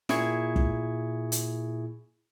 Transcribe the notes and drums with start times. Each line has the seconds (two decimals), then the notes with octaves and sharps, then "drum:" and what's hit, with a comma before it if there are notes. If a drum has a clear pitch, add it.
0.09 A#2 E4 G#4 C#6 G#6 C#7, drum: snare
0.56 drum: kick
1.32 drum: hi-hat